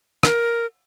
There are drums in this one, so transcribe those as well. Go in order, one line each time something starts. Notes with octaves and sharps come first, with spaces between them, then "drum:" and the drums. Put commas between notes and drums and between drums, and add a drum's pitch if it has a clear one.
A#4, drum: rim click